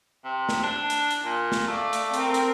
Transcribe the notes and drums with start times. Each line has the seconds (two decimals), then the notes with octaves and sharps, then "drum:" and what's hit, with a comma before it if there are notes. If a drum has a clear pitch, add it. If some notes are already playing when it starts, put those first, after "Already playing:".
0.25 C3
0.49 drum: snare
0.63 D4
0.90 drum: hi-hat
1.10 drum: hi-hat
1.24 A#2
1.52 drum: snare
1.68 A3 D5 F5
1.93 drum: hi-hat
2.14 C4 A#4, drum: hi-hat
2.34 drum: hi-hat